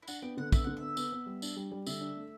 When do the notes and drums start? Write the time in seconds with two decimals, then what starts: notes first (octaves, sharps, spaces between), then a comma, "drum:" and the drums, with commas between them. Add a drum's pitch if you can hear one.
0.02 E4
0.07 D4 F#4, drum: tambourine
0.22 B3 G4
0.37 D3 F#5
0.52 B3 E5, drum: kick, tambourine
0.64 D3 F#5
0.77 E5
0.82 B3
0.97 B3, drum: tambourine
1.12 B3
1.26 G3
1.42 D4, drum: tambourine
1.56 G3
1.72 G3
1.87 D3 E5, drum: tambourine
2.01 D4
2.17 A3